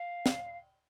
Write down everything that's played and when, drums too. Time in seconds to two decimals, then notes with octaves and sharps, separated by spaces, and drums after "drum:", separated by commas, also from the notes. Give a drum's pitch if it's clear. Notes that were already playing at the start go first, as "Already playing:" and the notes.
Already playing: F5
0.26 drum: snare